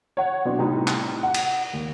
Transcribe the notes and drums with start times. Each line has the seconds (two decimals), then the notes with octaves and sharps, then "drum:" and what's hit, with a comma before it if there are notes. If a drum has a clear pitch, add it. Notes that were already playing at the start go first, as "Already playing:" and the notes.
0.17 C#5 F#5
0.45 B2 F#3 C4 D4 F#4
0.59 A2 C3 G3 C4 D#4
0.87 drum: clap
1.23 F#5
1.34 drum: cymbal
1.73 D#2